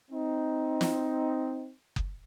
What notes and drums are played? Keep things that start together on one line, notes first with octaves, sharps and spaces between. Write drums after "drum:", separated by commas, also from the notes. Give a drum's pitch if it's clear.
C4 D#4
drum: snare
drum: kick F#1